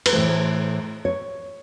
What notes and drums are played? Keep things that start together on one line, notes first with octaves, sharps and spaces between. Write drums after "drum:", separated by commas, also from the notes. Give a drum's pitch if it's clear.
B4, drum: cymbal
A2 E3 A3 C5
C#5